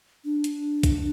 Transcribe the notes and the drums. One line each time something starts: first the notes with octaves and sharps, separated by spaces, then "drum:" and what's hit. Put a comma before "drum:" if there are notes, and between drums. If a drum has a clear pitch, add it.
D4
drum: hi-hat
drum: kick B1, hi-hat